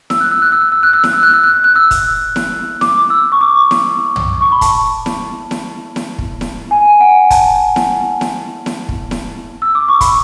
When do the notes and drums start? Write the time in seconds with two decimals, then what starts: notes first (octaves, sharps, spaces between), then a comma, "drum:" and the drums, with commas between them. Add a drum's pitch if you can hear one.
0.10 E6, drum: snare E4
0.21 F#6
0.31 E6
0.42 F#6
0.52 E6
0.62 F#6
0.72 E6
0.83 F#6
0.93 E6
1.04 F#6, drum: snare E4
1.13 E6
1.23 F#6
1.34 E6
1.43 F#6
1.54 E6
1.64 F#6
1.75 E6
1.91 drum: kick, hi-hat
2.36 drum: snare E4
2.81 D6, drum: snare E4
3.10 E6
3.32 C#6
3.41 D6
3.71 drum: snare E4
4.16 drum: tom
4.41 C#6
4.52 B5
4.61 A5, drum: kick, hi-hat
5.06 drum: snare E4
5.51 drum: snare E4
5.96 drum: snare E4
6.18 drum: kick
6.41 drum: snare E4
6.71 G#5
7.00 F#5
7.30 A5, drum: kick, hi-hat
7.76 drum: snare E4
8.21 drum: snare E4
8.66 drum: snare E4
8.89 drum: kick
9.11 drum: snare E4
9.62 E6
9.75 D6
9.88 C#6
10.01 B5, drum: kick, hi-hat